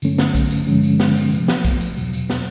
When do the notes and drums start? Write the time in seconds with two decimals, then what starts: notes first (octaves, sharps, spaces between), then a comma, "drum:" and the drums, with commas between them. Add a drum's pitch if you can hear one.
0.02 G2 D3 F#3 A3 C#4, drum: tambourine
0.18 drum: snare
0.35 drum: kick B1, tambourine
0.51 drum: tambourine
0.67 G2 D3 F3 G#3 C#4, drum: tambourine
0.83 drum: tambourine
1.00 drum: snare
1.16 drum: tambourine
1.32 C3 F3 A3, drum: tambourine
1.48 drum: snare
1.65 drum: kick B1, tambourine
1.81 drum: tambourine
1.97 E2 B2 F#3, drum: tambourine
2.13 drum: tambourine
2.30 drum: snare